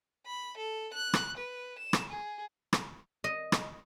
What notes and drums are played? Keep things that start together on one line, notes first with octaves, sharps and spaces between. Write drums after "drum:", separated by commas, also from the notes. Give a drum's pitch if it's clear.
B5
A4
F#6
drum: rim click
B4
E7
drum: rim click
G#4
drum: rim click
D#5
drum: rim click